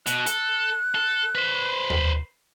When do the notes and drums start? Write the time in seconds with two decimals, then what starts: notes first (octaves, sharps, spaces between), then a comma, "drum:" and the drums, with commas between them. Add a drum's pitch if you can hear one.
0.07 B2 F#6, drum: hi-hat
0.26 A4, drum: hi-hat
0.95 A4
1.35 B4 C5
1.90 drum: tom D#2